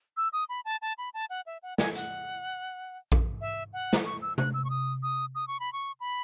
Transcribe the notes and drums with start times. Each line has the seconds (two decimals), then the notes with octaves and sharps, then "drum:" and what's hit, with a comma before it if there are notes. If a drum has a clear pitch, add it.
0.17 E6
0.33 D#6
0.49 B5
0.65 A5
0.82 A5
0.98 B5
1.14 A5
1.30 F#5
1.46 E5
1.63 F#5
1.78 G#5, drum: snare
1.95 F#5, drum: hi-hat
3.12 drum: kick A#1
3.41 E5
3.73 F#5
3.93 drum: snare
4.06 C#6
4.22 E6
4.38 F#6, drum: tom
4.54 E6
4.65 C#6
4.70 D#6
5.03 D#6
5.35 D#6
5.48 C#6
5.60 B5
5.73 C#6
6.00 B5